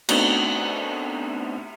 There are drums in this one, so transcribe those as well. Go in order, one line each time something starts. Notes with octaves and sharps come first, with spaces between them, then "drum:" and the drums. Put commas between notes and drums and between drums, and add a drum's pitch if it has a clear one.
A3 B3 C4 D4 D#4 F#4, drum: cymbal